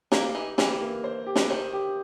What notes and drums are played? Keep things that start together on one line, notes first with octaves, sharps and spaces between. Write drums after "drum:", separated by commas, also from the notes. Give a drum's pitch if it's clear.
A#3 G4, drum: snare
E3 D#4
E3 G4, drum: snare
A#3
C5
G4
F3, drum: snare
E3
D#3 C5
G4